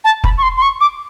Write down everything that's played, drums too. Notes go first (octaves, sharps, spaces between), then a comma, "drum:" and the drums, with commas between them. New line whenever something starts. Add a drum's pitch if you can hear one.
A5
B5, drum: kick
C#6
C6
C6
C#6
D6